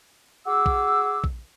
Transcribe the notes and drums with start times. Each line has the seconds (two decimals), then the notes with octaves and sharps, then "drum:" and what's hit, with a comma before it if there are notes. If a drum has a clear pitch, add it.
0.46 F#4 G#4 D6 E6
0.66 drum: kick A#1
1.24 drum: kick A#1